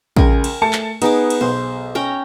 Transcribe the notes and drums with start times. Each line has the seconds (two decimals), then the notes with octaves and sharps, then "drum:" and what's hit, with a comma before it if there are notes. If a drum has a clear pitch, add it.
0.17 C#2 A#4 G#5, drum: kick
0.44 drum: cymbal
0.62 A3 A5 C#7
0.73 drum: clap
1.02 B3 D#4 G#4 D6, drum: cymbal
1.30 drum: cymbal
1.41 B1 C5
1.95 C#4 G5 A#5